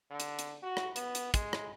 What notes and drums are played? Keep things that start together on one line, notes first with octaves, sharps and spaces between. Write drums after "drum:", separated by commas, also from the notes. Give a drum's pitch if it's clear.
D3
drum: hi-hat
drum: hi-hat
F#4
drum: rim click
B3, drum: hi-hat
drum: hi-hat
G#3, drum: kick, hi-hat
drum: rim click